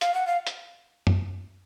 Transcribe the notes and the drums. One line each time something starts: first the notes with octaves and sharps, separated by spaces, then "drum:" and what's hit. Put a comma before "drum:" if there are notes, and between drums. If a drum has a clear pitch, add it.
F5, drum: hi-hat
F#5
F5
drum: hi-hat
drum: tom